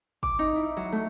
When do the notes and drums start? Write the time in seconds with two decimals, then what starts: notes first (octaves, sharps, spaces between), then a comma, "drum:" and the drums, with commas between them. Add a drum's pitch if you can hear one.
0.23 D6, drum: kick
0.39 D#4
0.56 E4
0.77 F#3
0.92 A3